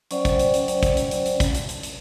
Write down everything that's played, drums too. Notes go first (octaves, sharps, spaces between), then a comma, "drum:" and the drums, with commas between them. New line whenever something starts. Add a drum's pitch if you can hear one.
F#3 C#4 C5 D5 F#5 G5, drum: hi-hat
drum: kick, hi-hat
drum: hi-hat
drum: hi-hat
drum: hi-hat
drum: kick, hi-hat
drum: hi-hat
drum: hi-hat
drum: hi-hat
drum: kick, hi-hat
drum: hi-hat
drum: hi-hat
drum: hi-hat